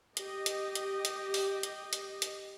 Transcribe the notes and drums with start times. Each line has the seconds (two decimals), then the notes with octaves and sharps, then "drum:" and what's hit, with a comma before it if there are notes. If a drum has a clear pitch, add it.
0.17 G4 D#5, drum: hi-hat
0.46 drum: hi-hat
0.75 drum: hi-hat
1.05 drum: hi-hat
1.34 drum: open hi-hat
1.63 drum: hi-hat
1.93 drum: hi-hat
2.22 drum: hi-hat